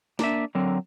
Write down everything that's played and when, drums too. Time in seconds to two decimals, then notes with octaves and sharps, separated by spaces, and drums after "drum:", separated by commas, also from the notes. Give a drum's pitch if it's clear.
0.19 A#3 D4 E5, drum: snare
0.55 D3 F#3 C4 A#4